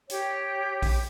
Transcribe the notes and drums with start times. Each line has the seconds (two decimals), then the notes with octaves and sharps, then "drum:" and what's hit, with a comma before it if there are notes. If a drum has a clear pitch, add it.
0.10 G4 C#5 G5, drum: hi-hat
0.82 drum: kick A#1, open hi-hat